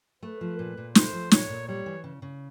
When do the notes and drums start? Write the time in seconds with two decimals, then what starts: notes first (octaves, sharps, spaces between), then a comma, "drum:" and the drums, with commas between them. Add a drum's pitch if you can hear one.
0.23 A3 B4
0.41 F3
0.59 A#2
0.77 A#2
0.95 A3 C5, drum: snare
1.13 F3
1.31 A#2 C#5, drum: snare
1.49 A#2
1.68 G3 C#5
1.86 E3
2.04 C#3
2.22 C#3